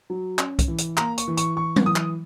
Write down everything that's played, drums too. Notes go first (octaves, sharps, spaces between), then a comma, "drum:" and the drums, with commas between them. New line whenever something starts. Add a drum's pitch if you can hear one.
F#3
C#4, drum: clap
drum: kick, hi-hat
E3
drum: hi-hat
A#3 A#5, drum: clap
C#6, drum: hi-hat
E3
C#6, drum: hi-hat
E3 C#6
drum: tom F#3
E3 D#6
drum: clap